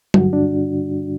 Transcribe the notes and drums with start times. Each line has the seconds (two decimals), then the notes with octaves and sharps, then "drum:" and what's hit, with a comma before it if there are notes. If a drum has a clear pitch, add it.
0.14 G2 D3 G3 F#4, drum: tom F#3
0.33 D4